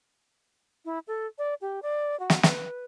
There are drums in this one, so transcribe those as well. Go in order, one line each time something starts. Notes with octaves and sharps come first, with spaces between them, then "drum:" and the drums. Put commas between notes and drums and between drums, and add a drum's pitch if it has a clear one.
E4
A4
D5
G4
D5
F#4
drum: snare
B4, drum: snare